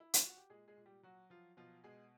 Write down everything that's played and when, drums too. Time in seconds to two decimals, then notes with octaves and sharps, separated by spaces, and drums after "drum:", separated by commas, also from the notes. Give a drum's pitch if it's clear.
0.00 E4
0.14 F4, drum: hi-hat
0.25 F#4
0.37 G4
0.50 A#2 G#3 G#4
0.68 G#3 G#4
0.77 A#2
0.86 G3 G4
1.03 F#3 F#4
1.30 F3 F#3 F4
1.57 B2 F3 F4
1.84 B2 G#3 G#4